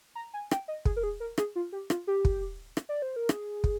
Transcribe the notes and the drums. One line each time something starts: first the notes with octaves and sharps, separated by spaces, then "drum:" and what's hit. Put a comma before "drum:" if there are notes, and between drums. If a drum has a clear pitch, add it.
A#5
G#5
G5, drum: rim click
D#5
G#4, drum: kick
A#4
G#4
A#4
G#4, drum: rim click
F4
G4
F4, drum: rim click
G4
drum: kick
drum: rim click
D5
C5
A#4
G#4, drum: rim click
drum: kick